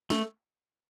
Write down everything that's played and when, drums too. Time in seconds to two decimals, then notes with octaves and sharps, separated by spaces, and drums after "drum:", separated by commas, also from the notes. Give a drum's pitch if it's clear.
0.10 A3, drum: snare